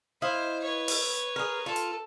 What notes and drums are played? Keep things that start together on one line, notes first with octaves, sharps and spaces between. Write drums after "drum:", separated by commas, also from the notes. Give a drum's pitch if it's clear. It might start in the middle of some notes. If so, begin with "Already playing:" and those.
E4 C5 D#5 F5
B4 C#5
drum: open hi-hat
G#4 A#4
F4 A4
drum: hi-hat